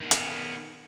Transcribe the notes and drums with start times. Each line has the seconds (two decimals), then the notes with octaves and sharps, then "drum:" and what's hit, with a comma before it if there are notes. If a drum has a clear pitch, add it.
0.01 D#3 B3
0.11 drum: hi-hat